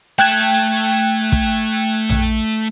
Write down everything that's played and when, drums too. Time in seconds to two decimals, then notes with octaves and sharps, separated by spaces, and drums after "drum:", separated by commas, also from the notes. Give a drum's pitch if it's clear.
0.19 A3 G5 A5 F#6 G#6
1.32 drum: kick
2.09 drum: tom A#1